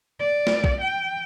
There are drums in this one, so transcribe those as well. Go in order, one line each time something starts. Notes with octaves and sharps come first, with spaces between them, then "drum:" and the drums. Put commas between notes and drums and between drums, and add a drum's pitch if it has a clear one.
D5
drum: snare
drum: kick
G5